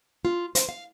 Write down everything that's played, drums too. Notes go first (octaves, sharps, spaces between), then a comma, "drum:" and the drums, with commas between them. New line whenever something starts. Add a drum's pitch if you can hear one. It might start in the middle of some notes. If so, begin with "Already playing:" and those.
F4
C5, drum: hi-hat
F5